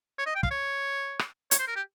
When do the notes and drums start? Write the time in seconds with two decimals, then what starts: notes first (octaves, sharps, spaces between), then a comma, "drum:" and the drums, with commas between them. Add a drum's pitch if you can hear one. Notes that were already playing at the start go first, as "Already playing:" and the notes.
0.18 C#5
0.26 D#5
0.35 G5
0.43 F5, drum: kick
0.51 C#5
1.19 drum: rim click
1.51 C#5, drum: hi-hat
1.59 C5
1.68 A#4
1.76 G4